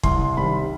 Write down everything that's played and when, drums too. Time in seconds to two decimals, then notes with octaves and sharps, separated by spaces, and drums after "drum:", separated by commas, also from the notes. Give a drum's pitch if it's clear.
0.03 C2 C6, drum: kick
0.37 C3 D#3 G3 B5